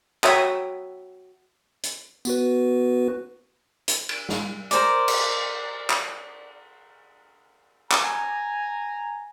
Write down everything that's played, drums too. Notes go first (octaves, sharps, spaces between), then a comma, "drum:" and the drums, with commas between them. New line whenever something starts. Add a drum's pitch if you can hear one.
F#4 C#5 E5 G5 A#5 D#6, drum: clap
drum: hi-hat
B3 F#4 B4, drum: tambourine
drum: hi-hat
drum: cymbal
drum: snare
A#4 C5 D5, drum: hi-hat
drum: cymbal
drum: clap
G#5 A#5, drum: clap